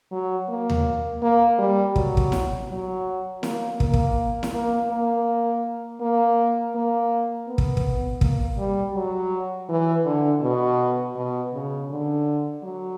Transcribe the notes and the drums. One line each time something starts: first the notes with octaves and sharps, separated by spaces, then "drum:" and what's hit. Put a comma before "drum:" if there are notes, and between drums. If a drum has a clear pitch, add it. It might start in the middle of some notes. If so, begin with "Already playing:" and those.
F#3
A#3
drum: tom D#2
A#3
G3
F#3, drum: kick
drum: kick
drum: snare E4
F#3
A#3, drum: snare E4
A#3, drum: kick
drum: kick
drum: snare E4
A#3
A#3
A#3
A#3
B3
drum: kick
drum: kick
A#3, drum: kick
G3
F#3
E3
D3
B2
B2
C#3
D3
F#3